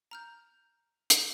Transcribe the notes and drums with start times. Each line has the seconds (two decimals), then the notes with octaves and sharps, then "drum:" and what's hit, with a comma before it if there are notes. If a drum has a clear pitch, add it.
0.11 A#5 F6 G6
1.10 drum: hi-hat